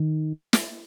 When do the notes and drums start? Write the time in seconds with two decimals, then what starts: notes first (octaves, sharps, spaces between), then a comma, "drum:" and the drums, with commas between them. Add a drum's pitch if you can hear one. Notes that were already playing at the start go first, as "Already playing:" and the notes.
Already playing: D#3
0.53 drum: snare